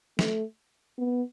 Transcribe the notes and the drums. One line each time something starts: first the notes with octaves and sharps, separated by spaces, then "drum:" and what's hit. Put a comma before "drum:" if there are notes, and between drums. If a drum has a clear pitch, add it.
A3, drum: snare
B3